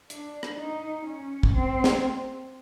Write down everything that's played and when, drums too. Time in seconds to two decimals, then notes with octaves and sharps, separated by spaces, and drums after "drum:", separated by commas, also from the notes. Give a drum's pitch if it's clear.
0.10 D4, drum: hi-hat
0.43 drum: rim click
0.58 D#4
1.06 C#4
1.43 drum: kick
1.55 C4
1.84 drum: snare